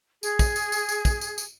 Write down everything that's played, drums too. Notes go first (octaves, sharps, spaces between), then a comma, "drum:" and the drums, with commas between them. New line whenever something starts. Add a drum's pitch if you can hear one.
G#4, drum: tambourine
drum: kick, tambourine
drum: tambourine
drum: tambourine
drum: tambourine
drum: kick, tambourine
drum: tambourine
drum: tambourine